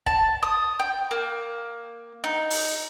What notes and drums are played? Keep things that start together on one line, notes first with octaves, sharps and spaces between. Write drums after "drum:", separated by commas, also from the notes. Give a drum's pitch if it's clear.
A5, drum: kick
D#6
G5
A#3
D#4
drum: open hi-hat